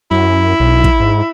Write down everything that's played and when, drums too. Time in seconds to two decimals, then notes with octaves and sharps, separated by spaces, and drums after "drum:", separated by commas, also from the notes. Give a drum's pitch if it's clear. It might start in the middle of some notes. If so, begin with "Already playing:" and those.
0.11 F#2 E4
0.60 B1
0.84 drum: kick
1.00 G#2